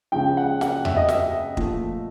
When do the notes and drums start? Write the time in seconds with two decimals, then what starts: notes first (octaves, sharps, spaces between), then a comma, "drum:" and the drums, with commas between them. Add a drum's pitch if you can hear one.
0.12 C#2 C#3 F3 G5
0.37 F#5
0.61 F#5, drum: snare
0.85 E5, drum: tom E2
0.97 D#5
1.09 E5, drum: snare
1.57 A#2 F3 A3, drum: kick